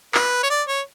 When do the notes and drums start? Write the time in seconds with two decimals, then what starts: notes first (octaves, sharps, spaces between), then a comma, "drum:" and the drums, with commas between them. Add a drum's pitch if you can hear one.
0.14 B4, drum: clap
0.43 C#5
0.50 D5
0.68 C#5